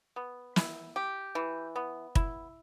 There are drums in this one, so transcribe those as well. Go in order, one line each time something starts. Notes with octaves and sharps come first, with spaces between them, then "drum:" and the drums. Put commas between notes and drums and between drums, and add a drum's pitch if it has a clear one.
B3
E4, drum: snare
G4
E3
B3
E4, drum: kick